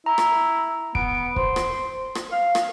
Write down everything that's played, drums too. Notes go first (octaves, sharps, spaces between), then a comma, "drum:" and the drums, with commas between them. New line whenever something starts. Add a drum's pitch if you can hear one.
E4 A#5
drum: rim click
B3 D7, drum: kick
C5, drum: kick
drum: rim click
drum: rim click
F5
drum: rim click